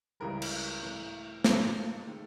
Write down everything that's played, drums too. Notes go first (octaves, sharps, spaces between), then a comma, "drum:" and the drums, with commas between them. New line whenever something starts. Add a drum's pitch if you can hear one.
C#2 C#3 E3 G3 A#4
drum: cymbal
A2 E3 A3
G#2 F3 A#3 A4, drum: snare
D#3 G#3